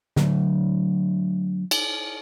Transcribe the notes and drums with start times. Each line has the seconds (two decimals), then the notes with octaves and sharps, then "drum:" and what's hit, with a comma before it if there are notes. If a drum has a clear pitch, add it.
0.16 D3 F#3 A3, drum: snare
1.71 drum: cymbal